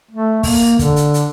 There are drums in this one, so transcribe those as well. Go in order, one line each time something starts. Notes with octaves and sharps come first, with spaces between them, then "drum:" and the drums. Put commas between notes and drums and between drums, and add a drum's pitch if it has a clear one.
A3
A#3, drum: kick, open hi-hat
D3, drum: kick, hi-hat
drum: hi-hat
drum: hi-hat